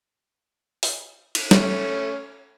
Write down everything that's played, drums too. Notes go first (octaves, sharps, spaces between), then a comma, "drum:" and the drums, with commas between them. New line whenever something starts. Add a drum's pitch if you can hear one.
drum: open hi-hat
drum: cymbal
A3 C#4, drum: snare